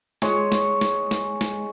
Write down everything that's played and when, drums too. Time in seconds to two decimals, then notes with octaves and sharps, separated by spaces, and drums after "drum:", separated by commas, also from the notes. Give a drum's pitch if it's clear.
0.22 G#3 C#5 C#6, drum: snare
0.52 drum: snare
0.81 drum: snare
1.11 drum: snare
1.41 drum: snare